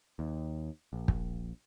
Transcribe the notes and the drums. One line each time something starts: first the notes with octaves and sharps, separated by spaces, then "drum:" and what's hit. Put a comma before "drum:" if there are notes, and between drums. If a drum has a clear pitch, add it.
D#2
A#1
drum: kick